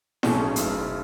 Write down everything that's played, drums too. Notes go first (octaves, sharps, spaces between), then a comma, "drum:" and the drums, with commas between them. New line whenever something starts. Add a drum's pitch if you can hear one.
B1 B2 A3 C#4 G#4, drum: snare E4
F#1 F#2 C#3, drum: hi-hat